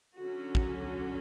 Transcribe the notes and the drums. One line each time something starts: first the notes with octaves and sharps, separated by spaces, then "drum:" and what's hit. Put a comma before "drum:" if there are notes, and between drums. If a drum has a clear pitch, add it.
D3 F#3 C#4 F#4
drum: kick